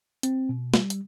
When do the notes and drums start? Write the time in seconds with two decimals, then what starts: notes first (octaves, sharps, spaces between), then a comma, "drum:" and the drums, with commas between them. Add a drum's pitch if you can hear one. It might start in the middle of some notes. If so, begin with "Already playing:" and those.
0.23 C4, drum: hi-hat
0.49 B2
0.74 G3, drum: snare
0.90 drum: hi-hat